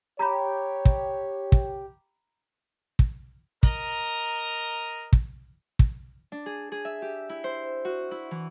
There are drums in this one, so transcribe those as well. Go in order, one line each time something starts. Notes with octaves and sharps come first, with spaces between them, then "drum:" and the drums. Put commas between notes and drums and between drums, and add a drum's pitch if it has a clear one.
G4 C#5 A#5 B5
drum: kick
drum: kick
drum: kick
A#4 D#5 A#5, drum: kick
drum: kick
drum: kick
D4
G#4
G#4
E5
G4
E4
C5
F#4
E4
E3